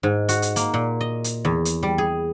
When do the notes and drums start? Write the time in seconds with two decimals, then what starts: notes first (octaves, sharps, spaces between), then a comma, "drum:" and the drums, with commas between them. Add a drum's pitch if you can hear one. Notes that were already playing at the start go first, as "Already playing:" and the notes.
0.03 G#2
0.29 F#4, drum: hi-hat
0.42 drum: hi-hat
0.56 A#3, drum: hi-hat
0.74 A#2
1.01 D#5
1.24 drum: hi-hat
1.45 E2
1.65 drum: hi-hat
1.83 G3
1.98 G#4